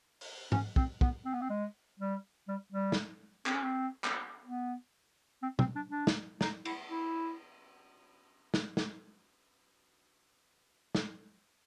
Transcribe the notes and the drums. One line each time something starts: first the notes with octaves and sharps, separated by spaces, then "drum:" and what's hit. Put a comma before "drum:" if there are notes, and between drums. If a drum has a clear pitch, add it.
drum: open hi-hat
C#4, drum: tom
C4, drum: kick
B3, drum: kick
C4
B3
C4
G#3
G3
G3
G3
drum: snare
C4, drum: clap
C#4
C4
drum: clap
B3
C4
C4, drum: tom
D4
D4
drum: snare
D#4, drum: snare
E4, drum: cymbal
E4
drum: snare
drum: snare
drum: snare